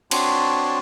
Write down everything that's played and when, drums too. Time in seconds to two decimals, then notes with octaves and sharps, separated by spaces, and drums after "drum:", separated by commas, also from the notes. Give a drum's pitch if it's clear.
0.11 C4 D4 F#4 C#5 A5 C6, drum: cymbal